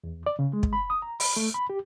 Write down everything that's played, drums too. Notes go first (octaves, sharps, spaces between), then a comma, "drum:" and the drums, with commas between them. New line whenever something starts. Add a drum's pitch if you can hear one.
E2
D5
C#3
G#3
drum: kick
B5
D#6
A#5
B5, drum: open hi-hat
A3
B5
G4